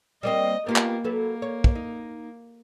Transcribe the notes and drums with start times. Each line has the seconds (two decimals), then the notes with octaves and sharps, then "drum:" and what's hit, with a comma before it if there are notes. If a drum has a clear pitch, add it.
0.23 G3 A#3 C4 D#5
0.67 A#3 B3 F4 G4
0.76 drum: clap
1.04 F#3 A#3 A4 B4
1.42 C#5
1.64 drum: kick
1.75 D#4